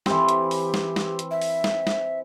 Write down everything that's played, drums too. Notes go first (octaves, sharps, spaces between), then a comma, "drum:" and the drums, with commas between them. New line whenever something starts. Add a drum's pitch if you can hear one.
E3 C4 G4, drum: snare
drum: hi-hat
drum: open hi-hat
drum: snare
drum: snare
drum: hi-hat
E5
drum: open hi-hat
drum: snare
drum: snare